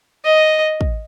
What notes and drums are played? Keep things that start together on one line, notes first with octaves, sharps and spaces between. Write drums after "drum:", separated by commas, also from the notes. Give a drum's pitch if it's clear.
D#5
drum: kick